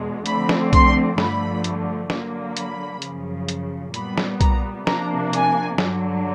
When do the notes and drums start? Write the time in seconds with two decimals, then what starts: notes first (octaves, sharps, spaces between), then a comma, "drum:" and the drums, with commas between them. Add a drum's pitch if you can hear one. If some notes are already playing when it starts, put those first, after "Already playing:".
Already playing: E2 B2 G#3
0.26 D3 F3 A3 C4 B5, drum: hi-hat
0.49 drum: snare
0.73 C6, drum: kick B1, hi-hat
1.18 G2 D3 F3 A3 B5, drum: snare
1.64 drum: hi-hat
2.10 D3 F#3 A#3, drum: snare
2.57 B5, drum: hi-hat
3.02 F#2 C#3 F3, drum: hi-hat
3.49 drum: hi-hat
3.94 A#2 G3 B3 B5, drum: hi-hat
4.18 drum: snare
4.41 A#5, drum: kick B1, hi-hat
4.87 C3 F3 A#3 D4 A#5, drum: snare
5.33 G#5, drum: hi-hat
5.78 G2 D3 F#3, drum: snare